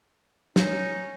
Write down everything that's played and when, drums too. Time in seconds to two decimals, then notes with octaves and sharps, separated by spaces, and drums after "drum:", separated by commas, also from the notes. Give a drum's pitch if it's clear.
0.56 C#4 D#4, drum: snare